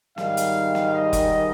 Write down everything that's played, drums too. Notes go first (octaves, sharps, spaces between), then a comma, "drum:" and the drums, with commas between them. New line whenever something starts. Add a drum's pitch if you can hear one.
G#2 D#3 G3 F5, drum: snare
drum: hi-hat
drum: snare
D#5
drum: kick F1, hi-hat